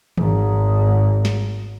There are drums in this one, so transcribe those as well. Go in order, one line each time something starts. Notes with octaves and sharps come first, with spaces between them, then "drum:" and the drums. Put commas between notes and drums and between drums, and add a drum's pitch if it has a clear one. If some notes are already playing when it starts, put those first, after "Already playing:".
G#1 G#2, drum: tom D#3
drum: snare